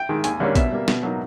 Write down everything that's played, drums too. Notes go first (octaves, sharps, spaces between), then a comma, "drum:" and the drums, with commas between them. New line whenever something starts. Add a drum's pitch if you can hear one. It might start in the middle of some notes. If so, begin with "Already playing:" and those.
Already playing: G5
D#3 G#3
D#2 G#5, drum: hi-hat
D3 G3 A#3 C#4
B2 E5, drum: kick, hi-hat
G3 A#3
B2, drum: snare
F#3 A#3 D#4